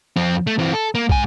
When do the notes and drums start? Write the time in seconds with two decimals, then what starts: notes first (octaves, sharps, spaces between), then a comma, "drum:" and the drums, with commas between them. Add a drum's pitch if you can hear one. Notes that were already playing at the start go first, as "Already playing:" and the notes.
0.16 F2 C4
0.47 A3
0.58 E3 C4
0.73 A4
0.95 A#3
1.09 G#2 G#5, drum: kick